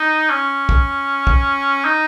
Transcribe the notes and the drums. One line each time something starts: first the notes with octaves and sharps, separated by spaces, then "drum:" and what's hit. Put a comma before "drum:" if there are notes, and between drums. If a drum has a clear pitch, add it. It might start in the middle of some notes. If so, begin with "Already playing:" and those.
Already playing: D#4
C#4
drum: kick
drum: kick
D#4